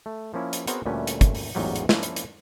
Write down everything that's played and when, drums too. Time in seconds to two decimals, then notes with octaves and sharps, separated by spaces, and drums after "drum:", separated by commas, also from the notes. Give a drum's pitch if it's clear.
0.06 A3
0.34 F3 A#3 C#4 E4
0.53 drum: hi-hat
0.67 B3 C4 F#4 G#4 A#4 C5, drum: hi-hat
0.86 D2 A#2 G3 A3 C#4 B4
1.07 drum: hi-hat
1.21 drum: kick, hi-hat
1.35 drum: open hi-hat
1.55 A1 E2 G#2 F#3 F4 G4
1.76 drum: hi-hat
1.89 F3 A#3 C#4 D4 E4, drum: snare
2.03 drum: hi-hat
2.16 drum: hi-hat